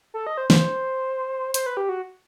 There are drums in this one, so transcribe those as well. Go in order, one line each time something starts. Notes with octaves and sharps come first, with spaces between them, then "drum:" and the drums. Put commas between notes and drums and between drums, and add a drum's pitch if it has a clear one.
A4
D#5
C5
C5, drum: snare
C5, drum: hi-hat
B4
G4
F#4